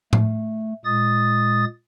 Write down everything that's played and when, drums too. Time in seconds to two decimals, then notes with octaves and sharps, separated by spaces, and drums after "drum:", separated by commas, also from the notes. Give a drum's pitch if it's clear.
0.13 A3, drum: tom A2
0.85 A#2 G#3 D#6 A6